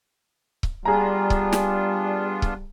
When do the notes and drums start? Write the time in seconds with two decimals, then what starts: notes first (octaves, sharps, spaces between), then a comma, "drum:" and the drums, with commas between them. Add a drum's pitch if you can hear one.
0.63 drum: kick C#1
0.85 G3 B3 D4 F4 G#4 A#5
1.30 drum: kick C#1
1.53 drum: snare
2.42 drum: kick C#1